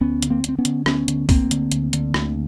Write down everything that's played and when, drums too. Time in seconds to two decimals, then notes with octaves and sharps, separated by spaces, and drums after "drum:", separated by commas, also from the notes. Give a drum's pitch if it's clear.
0.01 D2 B3 C#4
0.22 D3, drum: hi-hat
0.30 A#3 C4
0.44 D2 C4, drum: hi-hat
0.58 B3 C#4
0.65 D3, drum: hi-hat
0.86 D2 B3 C#4, drum: rim click
1.08 D3, drum: hi-hat
1.29 D2 A#3 C4, drum: kick C2, open hi-hat
1.51 D3, drum: hi-hat
1.72 D2, drum: hi-hat
1.93 D3, drum: hi-hat
2.14 D2, drum: rim click